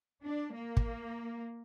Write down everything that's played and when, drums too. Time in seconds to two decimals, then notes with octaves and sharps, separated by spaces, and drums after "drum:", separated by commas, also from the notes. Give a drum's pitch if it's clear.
0.25 D4
0.55 A#3
0.77 drum: kick